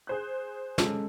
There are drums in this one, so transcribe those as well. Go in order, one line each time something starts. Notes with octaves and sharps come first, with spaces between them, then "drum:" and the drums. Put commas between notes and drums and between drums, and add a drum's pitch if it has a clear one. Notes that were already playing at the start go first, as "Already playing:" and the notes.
G#4 C5 F#6
G#3 C#4 A4, drum: snare